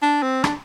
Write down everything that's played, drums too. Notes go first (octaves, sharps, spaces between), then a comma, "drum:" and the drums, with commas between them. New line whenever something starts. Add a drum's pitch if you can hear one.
D4
C4
D4, drum: rim click